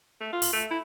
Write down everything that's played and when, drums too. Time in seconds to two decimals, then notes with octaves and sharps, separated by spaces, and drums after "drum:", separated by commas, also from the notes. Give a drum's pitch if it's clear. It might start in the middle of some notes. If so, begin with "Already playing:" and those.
0.21 A3
0.33 F4
0.42 drum: open hi-hat
0.53 A3
0.71 E4